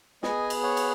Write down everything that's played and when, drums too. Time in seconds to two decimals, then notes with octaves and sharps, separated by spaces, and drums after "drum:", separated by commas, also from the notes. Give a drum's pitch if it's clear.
0.23 B3 G#4 D#5 G#5, drum: snare
0.50 drum: cymbal
0.63 C#5 F#5
0.77 drum: cymbal